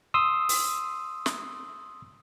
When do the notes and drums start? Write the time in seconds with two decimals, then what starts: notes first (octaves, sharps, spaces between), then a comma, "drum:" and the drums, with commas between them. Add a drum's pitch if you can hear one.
0.14 C6 D#6 E6
0.49 drum: open hi-hat
1.26 drum: snare